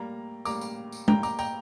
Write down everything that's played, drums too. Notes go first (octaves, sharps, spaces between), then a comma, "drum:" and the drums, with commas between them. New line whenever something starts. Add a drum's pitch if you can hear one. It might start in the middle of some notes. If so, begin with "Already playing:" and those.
Already playing: A2 G3 A#3 A#5
A2 G3 A#3 A#5 D6, drum: tambourine
drum: tambourine
drum: tambourine
A2 G3 A#3 G5 A#5, drum: tom G#3
A#5 D6, drum: tambourine
G5 A#5, drum: tambourine